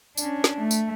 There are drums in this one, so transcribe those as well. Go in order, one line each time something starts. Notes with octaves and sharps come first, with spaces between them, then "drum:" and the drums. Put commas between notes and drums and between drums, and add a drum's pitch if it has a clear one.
C#4 D4, drum: tambourine
drum: snare
A3
drum: tambourine